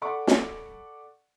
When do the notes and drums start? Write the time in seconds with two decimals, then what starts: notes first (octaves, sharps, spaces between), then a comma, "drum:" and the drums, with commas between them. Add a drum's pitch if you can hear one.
0.02 A4 D5 F#5 B5 C#6 D6
0.27 drum: snare